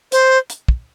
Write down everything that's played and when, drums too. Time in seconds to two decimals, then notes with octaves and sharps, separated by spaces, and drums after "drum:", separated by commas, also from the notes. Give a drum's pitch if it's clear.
0.12 C5, drum: hi-hat
0.50 drum: hi-hat
0.68 drum: kick